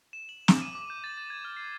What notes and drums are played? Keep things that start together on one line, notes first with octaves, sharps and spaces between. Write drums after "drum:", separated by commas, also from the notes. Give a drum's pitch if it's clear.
E7
F#7
D6, drum: snare
D#7
D6
G6
A6
A6
G#6
F6
C7